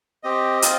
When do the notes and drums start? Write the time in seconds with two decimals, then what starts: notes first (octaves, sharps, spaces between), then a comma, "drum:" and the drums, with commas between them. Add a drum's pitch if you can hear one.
0.23 C4 G4 D#5
0.62 C4 F4, drum: hi-hat